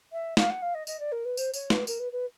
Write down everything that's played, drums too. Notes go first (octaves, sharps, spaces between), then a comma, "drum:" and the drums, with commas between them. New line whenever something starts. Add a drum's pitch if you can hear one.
E5
F5, drum: snare
F#5
F5
D#5
D#5, drum: tambourine
D5
A#4
B4
C5, drum: tambourine
C#5, drum: tambourine
B4, drum: snare
A#4, drum: tambourine
B4
B4